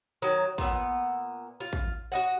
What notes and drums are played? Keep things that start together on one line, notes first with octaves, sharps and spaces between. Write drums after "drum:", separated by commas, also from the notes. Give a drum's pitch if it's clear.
D#3 F#3
A#2 B3 E5 F#5, drum: kick
F4
drum: kick
F#4 D#5 F#5